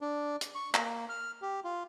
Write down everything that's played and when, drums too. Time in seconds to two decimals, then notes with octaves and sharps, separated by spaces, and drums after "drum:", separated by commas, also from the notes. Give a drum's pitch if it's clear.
0.01 D4
0.41 drum: hi-hat
0.55 C#6
0.74 A#3, drum: clap
1.09 F6
1.42 G4
1.65 F4